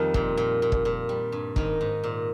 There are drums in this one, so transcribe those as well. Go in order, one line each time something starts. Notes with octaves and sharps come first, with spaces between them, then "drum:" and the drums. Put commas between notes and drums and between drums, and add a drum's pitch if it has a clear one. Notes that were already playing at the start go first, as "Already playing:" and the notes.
Already playing: F2 D#3 G3 C4 D#4 F4 G4
A#2, drum: kick
A#2
A#2
drum: kick
A#2
G3
G2
G#2 D#3 D#4, drum: kick
G#2
A#2